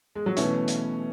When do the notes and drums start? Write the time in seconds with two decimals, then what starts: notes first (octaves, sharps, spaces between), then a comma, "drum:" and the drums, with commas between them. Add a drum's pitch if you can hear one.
0.15 G#3
0.26 F#3
0.37 B2 E3 A3 C#4, drum: hi-hat
0.68 drum: hi-hat